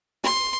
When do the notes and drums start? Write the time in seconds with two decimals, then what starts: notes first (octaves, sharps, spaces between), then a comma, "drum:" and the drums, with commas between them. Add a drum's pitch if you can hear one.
0.24 C6, drum: snare